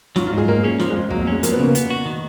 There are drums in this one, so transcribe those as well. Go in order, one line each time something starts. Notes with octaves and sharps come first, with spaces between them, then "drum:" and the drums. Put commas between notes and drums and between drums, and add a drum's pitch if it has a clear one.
F#3 F4, drum: snare
F4
G#2 G#4
A#3 A#4
C#4 G#4
F3 F4, drum: snare
G#3
F2
F#3 A#3, drum: kick
F#3
C#4
G#3
F3 A#3, drum: hi-hat
B3
C#3 A#3
B3, drum: hi-hat
F#4
D#3